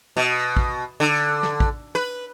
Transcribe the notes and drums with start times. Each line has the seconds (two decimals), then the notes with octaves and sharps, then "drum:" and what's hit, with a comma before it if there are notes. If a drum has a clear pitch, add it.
0.17 B2
0.57 drum: kick
1.00 D3
1.43 drum: snare
1.60 drum: kick
1.95 B4